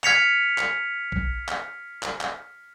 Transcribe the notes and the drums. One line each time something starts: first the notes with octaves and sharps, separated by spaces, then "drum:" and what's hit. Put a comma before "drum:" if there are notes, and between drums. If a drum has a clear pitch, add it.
F6 G#6 B6 C#7 F7, drum: clap
drum: clap
drum: kick A#1
drum: clap
drum: clap
drum: clap